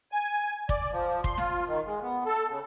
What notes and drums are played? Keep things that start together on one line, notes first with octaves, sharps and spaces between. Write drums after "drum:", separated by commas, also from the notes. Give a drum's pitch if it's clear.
G#5
D5, drum: kick
F3
C6, drum: kick
F4, drum: snare
D#3
G#3
B3
A4
C#3